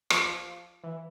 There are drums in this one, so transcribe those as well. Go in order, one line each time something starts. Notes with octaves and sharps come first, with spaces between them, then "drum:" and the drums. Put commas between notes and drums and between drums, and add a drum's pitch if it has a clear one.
F3, drum: rim click
E3